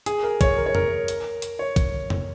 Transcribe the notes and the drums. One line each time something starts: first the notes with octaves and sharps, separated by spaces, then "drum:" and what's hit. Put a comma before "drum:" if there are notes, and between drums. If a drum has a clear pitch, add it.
G#4, drum: hi-hat
A#4
C#5, drum: kick, hi-hat
A#4
C#5
A#4, drum: tom F2
drum: hi-hat
drum: hi-hat
C#5
drum: kick, hi-hat
drum: tom F2